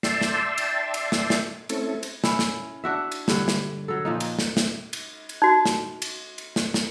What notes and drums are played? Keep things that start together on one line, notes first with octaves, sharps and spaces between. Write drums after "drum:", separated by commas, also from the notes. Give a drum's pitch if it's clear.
D5 E5 G5 A5 C6 E6, drum: snare
drum: snare
drum: cymbal
drum: cymbal
drum: snare
drum: snare
A3 C4 C#4 E4 A4, drum: cymbal
drum: cymbal
C#4 E4, drum: snare
drum: snare
D4 F#4 E5
drum: cymbal
G2 D3 C#5, drum: snare
drum: snare
F#3 A4
A#2 F3 D#4
drum: cymbal
drum: snare
drum: snare
drum: cymbal
drum: cymbal
D#4 F#4
drum: snare
drum: cymbal
drum: cymbal
drum: snare
drum: snare